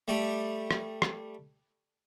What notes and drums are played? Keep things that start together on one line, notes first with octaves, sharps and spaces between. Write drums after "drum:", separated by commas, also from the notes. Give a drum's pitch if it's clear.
G3 A3 G4
drum: rim click
drum: rim click